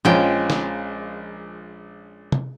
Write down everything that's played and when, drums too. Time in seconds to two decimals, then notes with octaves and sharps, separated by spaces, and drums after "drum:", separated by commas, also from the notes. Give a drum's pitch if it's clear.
0.05 A#1 F3 G#3 C#4 G5
0.50 drum: snare
2.32 drum: tom C3